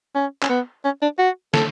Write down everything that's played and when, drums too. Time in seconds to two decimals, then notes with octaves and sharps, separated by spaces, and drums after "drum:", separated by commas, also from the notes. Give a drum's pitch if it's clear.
0.15 C#4
0.42 C#4, drum: clap
0.49 B3
0.84 C#4
1.02 D4
1.19 F#4
1.54 A4, drum: snare